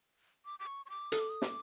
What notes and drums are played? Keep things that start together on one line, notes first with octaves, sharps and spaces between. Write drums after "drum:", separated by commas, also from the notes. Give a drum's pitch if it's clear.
D6
D6
C#6
C#6
D6
A4 D#6, drum: hi-hat
D6
D#6
D6, drum: snare